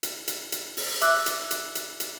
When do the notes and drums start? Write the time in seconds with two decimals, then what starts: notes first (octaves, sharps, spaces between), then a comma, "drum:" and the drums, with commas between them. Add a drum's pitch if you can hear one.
0.03 drum: hi-hat
0.28 drum: hi-hat
0.52 drum: hi-hat
0.77 drum: open hi-hat
1.01 E5 D6 E6 F#6, drum: hi-hat
1.26 drum: hi-hat
1.51 drum: hi-hat
1.75 drum: hi-hat
2.00 drum: hi-hat